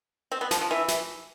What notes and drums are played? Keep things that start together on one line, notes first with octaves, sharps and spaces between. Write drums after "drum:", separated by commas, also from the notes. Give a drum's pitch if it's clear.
C4
B3
F3, drum: snare
F3
E3 E5
drum: snare